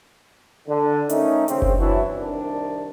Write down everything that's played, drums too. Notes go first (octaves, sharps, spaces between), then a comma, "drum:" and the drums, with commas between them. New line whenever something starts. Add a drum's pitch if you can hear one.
D3
D#3 A3 C#4 D#4, drum: hi-hat
A#1 C#3 C4, drum: hi-hat
drum: kick F#1
E3 F#3 D4 E4 F#4
C2 C3 D#3 D4